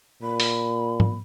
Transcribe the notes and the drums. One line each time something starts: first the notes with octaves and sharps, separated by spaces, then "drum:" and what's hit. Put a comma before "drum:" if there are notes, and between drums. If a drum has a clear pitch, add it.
A#2 B5
drum: open hi-hat
drum: tom G#2